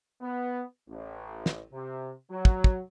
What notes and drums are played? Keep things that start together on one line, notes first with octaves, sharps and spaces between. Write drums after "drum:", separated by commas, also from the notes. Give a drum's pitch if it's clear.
B3
A1
drum: snare
C3
F#3
drum: kick
drum: kick